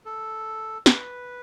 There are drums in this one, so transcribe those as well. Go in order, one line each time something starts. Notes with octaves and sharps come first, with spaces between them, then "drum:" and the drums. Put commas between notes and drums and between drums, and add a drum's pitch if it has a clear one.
A4
B4, drum: snare